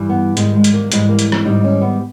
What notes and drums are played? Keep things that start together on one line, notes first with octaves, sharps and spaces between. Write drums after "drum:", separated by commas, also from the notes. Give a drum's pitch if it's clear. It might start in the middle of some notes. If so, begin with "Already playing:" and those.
Already playing: G2 E3 G3
B3
G#2 D#3 G3 G#3, drum: hi-hat
G#3
drum: hi-hat
A#3
G#2 E3 G3 G#3, drum: hi-hat
A#3
drum: hi-hat
drum: rim click
G#2 D#3 G3 D#4
C#4
B3